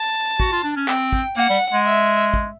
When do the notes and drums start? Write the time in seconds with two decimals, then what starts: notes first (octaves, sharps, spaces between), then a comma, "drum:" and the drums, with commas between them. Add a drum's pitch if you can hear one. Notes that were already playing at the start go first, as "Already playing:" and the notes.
Already playing: A5
0.40 F#4, drum: kick
0.52 F4
0.64 D4
0.76 C#4
0.88 C4 G5, drum: clap
1.13 drum: kick
1.37 A#3 F#5
1.49 G3
1.73 G#3
1.85 E5
2.34 drum: kick